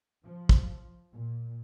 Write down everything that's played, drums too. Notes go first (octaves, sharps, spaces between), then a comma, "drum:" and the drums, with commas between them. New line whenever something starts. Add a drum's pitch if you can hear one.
F3
drum: kick
A#2